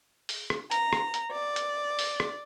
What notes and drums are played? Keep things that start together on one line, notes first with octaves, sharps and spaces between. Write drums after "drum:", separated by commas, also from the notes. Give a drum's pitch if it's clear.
drum: open hi-hat
drum: rim click
A#5, drum: hi-hat
drum: rim click
drum: hi-hat
D5
drum: hi-hat
drum: open hi-hat
drum: rim click